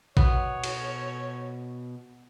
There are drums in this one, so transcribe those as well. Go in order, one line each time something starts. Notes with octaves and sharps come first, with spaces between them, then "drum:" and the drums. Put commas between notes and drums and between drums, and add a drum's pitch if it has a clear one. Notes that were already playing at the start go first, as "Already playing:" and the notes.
B2 B3 C#5, drum: kick
drum: cymbal